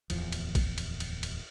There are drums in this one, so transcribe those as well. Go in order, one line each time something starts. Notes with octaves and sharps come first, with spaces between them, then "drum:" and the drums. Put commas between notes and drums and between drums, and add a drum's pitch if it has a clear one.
D1 E2 F3, drum: cymbal
drum: cymbal
drum: kick, cymbal
drum: cymbal
drum: cymbal
drum: cymbal